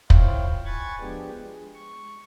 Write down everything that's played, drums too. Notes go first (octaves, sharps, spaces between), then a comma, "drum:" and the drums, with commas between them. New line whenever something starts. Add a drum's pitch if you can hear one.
E4 F4 C5 C#5 F5 G5, drum: kick
G#5 B5 C#6 F#6 G#6 A6
F3 G#3 B3 D4 G4
G#3
C#6